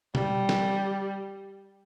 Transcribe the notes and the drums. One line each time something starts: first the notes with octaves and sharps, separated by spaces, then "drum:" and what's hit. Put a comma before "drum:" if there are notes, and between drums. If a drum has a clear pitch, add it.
G3, drum: tom B2
drum: snare